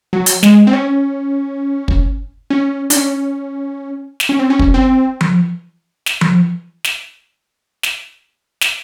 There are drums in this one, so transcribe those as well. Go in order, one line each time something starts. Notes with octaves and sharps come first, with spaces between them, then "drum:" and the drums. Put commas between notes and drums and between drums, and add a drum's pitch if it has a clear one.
F#3
drum: hi-hat
G#3, drum: snare
C4
C#4
drum: kick
C#4
D4, drum: hi-hat
C#4
drum: snare
C#4
C4
C#4
drum: kick
C4
drum: tom F3
drum: snare
drum: tom F3
drum: snare
drum: snare
drum: snare